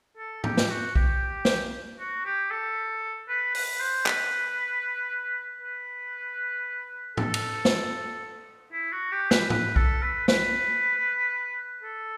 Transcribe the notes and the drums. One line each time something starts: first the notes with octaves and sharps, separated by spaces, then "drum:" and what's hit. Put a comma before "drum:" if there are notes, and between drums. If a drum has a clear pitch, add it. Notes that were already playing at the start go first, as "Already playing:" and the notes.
A4
G4, drum: tom G#2
drum: snare
F#4
G4, drum: kick B1
drum: snare
F#4
G4
A4
B4
B4, drum: open hi-hat
C5
B4, drum: clap
B4
A4, drum: tom G#2
drum: cymbal
drum: snare
E4
F#4
G4
B4, drum: snare
B4, drum: tom G#2
A4, drum: kick B1
B4
B4, drum: snare
A4